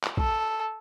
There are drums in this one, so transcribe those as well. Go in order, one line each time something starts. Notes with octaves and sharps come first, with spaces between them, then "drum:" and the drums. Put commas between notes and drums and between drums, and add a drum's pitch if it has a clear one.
drum: clap
A4, drum: kick